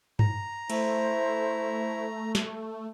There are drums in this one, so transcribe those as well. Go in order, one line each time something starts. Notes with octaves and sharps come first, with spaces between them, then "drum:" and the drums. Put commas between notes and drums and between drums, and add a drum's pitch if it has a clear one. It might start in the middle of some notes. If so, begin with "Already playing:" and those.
A#5, drum: tom G2
A3 E4 C5, drum: cymbal
drum: snare